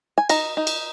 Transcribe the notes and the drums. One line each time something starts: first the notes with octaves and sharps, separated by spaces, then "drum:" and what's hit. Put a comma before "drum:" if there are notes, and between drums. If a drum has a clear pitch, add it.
G#5
D#4 A#5, drum: cymbal
D#4
drum: cymbal